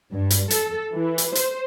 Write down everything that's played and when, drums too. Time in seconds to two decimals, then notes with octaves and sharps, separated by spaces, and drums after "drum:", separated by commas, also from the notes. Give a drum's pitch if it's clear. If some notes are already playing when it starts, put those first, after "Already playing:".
0.12 G2
0.30 drum: hi-hat
0.50 A4, drum: hi-hat
0.94 E3
1.18 drum: hi-hat
1.35 C5, drum: hi-hat